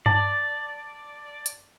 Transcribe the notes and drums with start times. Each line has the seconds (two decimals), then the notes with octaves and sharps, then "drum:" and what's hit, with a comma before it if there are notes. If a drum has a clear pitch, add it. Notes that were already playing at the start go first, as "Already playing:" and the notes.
0.06 D5 A5, drum: tom G2
1.46 drum: hi-hat